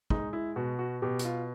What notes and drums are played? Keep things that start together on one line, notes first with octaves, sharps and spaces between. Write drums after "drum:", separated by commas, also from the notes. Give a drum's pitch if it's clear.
G#3 D#4, drum: kick
E4
B2 F#4
F#4
B2 G4
F#4, drum: hi-hat
F4